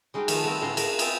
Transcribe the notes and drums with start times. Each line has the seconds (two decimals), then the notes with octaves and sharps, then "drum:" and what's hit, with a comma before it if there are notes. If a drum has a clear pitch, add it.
0.14 G3 G#3 D#4 F#4 F#5 G5
0.28 D#3 F3 A3 F4, drum: cymbal
0.44 G3 A3 B3 C4 A#4
0.61 A2 D3 C#4 A#5 C6
0.77 G#3 A#3 A#4, drum: cymbal
0.99 B3 C4 G#4 G5 A5, drum: cymbal